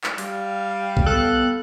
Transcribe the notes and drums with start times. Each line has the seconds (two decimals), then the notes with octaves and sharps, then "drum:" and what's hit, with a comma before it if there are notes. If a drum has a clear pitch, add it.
0.04 drum: clap
0.18 G3 F5, drum: open hi-hat
0.97 drum: kick B1
1.06 B3 A4 F#6